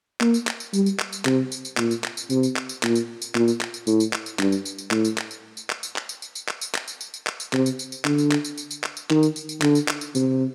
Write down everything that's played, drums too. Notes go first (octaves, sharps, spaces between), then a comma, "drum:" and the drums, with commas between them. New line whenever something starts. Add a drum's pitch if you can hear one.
A#3, drum: clap
drum: tambourine
drum: clap
drum: tambourine
G3, drum: tambourine
drum: tambourine
drum: clap
drum: tambourine
C3, drum: clap
drum: tambourine
drum: tambourine
A#2, drum: clap
drum: tambourine
drum: clap
drum: tambourine
C3, drum: tambourine
drum: tambourine
drum: clap
drum: tambourine
A#2, drum: clap
drum: tambourine
drum: tambourine
A#2, drum: clap
drum: tambourine
drum: clap
drum: tambourine
A2, drum: tambourine
drum: tambourine
drum: clap
drum: tambourine
G2, drum: clap
drum: tambourine
drum: tambourine
drum: tambourine
A2, drum: clap
drum: tambourine
drum: clap
drum: tambourine
drum: tambourine
drum: clap
drum: tambourine
drum: clap
drum: tambourine
drum: tambourine
drum: tambourine
drum: clap
drum: tambourine
drum: clap
drum: tambourine
drum: tambourine
drum: tambourine
drum: clap
drum: tambourine
C3, drum: clap
drum: tambourine
drum: tambourine
drum: tambourine
D3, drum: clap
drum: tambourine
drum: clap
drum: tambourine
drum: tambourine
drum: tambourine
drum: clap
drum: tambourine
D#3, drum: clap
drum: tambourine
drum: tambourine
drum: tambourine
D3, drum: clap
drum: tambourine
drum: clap
drum: tambourine
C3, drum: tambourine